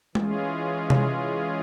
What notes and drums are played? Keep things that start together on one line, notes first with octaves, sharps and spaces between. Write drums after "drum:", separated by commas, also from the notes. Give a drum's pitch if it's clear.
E3 G#3 C#4 F4 G#4, drum: tom G#3
drum: tom C3